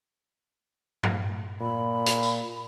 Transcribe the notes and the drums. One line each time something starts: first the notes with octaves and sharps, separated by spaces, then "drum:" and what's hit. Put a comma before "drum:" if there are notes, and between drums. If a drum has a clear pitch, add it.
drum: tom G2
A#2 B5
drum: hi-hat
drum: tambourine